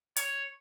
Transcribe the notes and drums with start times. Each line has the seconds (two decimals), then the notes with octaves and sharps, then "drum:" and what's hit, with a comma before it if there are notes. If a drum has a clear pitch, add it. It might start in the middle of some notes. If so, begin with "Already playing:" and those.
0.16 C#5, drum: hi-hat